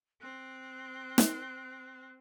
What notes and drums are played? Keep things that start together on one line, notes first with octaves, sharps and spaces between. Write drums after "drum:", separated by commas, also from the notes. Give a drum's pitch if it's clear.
C4 F#6
drum: snare